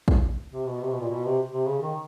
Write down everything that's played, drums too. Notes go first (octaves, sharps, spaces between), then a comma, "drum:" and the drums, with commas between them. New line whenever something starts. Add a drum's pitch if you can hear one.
drum: kick
C3
B2
C3
B2
A#2
B2
C3
C3
C#3
D#3